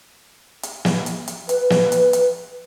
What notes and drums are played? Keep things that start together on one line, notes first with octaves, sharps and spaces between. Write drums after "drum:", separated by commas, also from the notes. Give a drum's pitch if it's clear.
drum: hi-hat
drum: snare
drum: hi-hat
drum: hi-hat
B4, drum: hi-hat
drum: snare
drum: hi-hat
drum: hi-hat